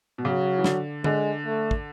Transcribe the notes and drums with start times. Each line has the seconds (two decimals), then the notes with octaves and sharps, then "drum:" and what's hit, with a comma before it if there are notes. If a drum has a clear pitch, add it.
0.18 B2
0.25 C#3 F#3
0.58 E3
0.64 D3, drum: snare
1.04 D3 G#3, drum: tom
1.45 A3
1.71 drum: kick